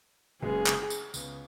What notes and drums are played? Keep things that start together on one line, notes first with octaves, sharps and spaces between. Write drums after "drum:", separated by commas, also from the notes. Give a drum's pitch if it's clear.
F#1 F#2 C#3 G#3 B3 G#4
drum: clap
drum: tambourine
C#2 C#3 B3, drum: tambourine